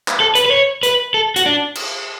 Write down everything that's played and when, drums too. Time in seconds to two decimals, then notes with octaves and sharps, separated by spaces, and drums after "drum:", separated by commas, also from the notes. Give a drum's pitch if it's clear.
0.08 drum: clap
0.20 A4
0.35 B4, drum: hi-hat
0.46 B4
0.51 C#5
0.83 B4, drum: hi-hat
1.14 A4
1.36 F#4, drum: hi-hat
1.46 D4
1.75 drum: cymbal